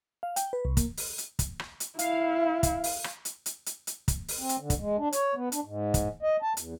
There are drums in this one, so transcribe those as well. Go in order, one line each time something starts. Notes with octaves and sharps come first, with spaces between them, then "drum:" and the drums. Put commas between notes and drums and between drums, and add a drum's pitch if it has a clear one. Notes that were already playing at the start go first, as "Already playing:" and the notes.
F5
G5, drum: hi-hat
B4
C2
A#3, drum: kick, hi-hat
drum: open hi-hat
drum: hi-hat
drum: kick, hi-hat
drum: rim click
drum: hi-hat
E4 F5, drum: hi-hat
drum: kick, hi-hat
drum: open hi-hat
drum: rim click
drum: hi-hat
drum: hi-hat
drum: hi-hat
drum: hi-hat
drum: kick, hi-hat
drum: open hi-hat
C4
drum: hi-hat
D3
drum: kick, hi-hat
G#3
D4
C#5, drum: hi-hat
B3
D4, drum: hi-hat
G#2
drum: kick, hi-hat
D#5
A5
E2, drum: hi-hat